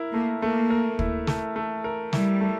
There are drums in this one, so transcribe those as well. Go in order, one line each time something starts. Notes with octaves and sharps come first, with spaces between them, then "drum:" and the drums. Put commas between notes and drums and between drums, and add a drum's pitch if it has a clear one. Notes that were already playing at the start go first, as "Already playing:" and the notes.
Already playing: E4 A#4
A3 A#3
A3 A#3
A#4
E4, drum: kick
A3, drum: snare
A3
A#4
G3 E4, drum: snare
A3